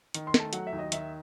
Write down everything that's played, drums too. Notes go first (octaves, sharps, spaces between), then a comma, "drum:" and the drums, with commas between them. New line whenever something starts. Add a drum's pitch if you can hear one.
D#3, drum: hi-hat
C6
A3, drum: snare
A5
F#3 F#5, drum: hi-hat
E5
D#2
D#5
D#3 E5, drum: hi-hat